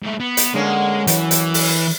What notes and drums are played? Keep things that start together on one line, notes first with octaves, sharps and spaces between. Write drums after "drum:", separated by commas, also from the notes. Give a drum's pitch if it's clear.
G#2 E4
B3
drum: hi-hat
D3 G#3 A#3 C#4
F#2 E3, drum: hi-hat
drum: hi-hat
drum: open hi-hat